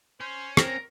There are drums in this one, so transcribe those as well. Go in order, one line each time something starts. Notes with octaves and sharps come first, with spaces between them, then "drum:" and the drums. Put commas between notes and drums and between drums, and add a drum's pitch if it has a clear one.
C#4 C5
C4 A#4 A#6, drum: rim click